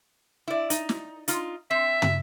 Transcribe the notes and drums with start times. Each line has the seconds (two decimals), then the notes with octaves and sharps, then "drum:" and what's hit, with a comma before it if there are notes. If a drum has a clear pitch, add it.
0.48 E4 D5
0.70 D#4, drum: hi-hat
0.89 drum: snare
1.28 D#4 F4, drum: hi-hat
1.71 C4 E5
2.02 drum: tom